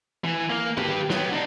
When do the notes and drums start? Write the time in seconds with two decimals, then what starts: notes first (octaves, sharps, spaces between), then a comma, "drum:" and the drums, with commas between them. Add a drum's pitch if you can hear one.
0.24 E3
0.50 A#3
0.77 G4 B4, drum: tom D3
1.10 F#3 B3, drum: snare
1.33 D4 D#4